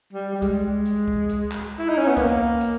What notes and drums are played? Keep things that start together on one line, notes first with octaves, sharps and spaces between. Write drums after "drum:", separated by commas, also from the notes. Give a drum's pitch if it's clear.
G3
G3
G#3, drum: kick C#2, hi-hat
drum: hi-hat
drum: kick C#2
drum: hi-hat
drum: clap
E4
D#4
C#4
B3
A#3, drum: kick C#2, hi-hat
drum: hi-hat